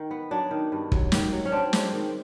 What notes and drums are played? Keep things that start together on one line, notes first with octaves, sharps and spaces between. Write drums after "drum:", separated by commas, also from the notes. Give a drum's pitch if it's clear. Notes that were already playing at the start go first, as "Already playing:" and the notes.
Already playing: D#3
B3
F#3 D4
D#3
G2
F#3, drum: kick
D#3, drum: snare
F#3
C#4
C4 D4
G#3, drum: snare
D#3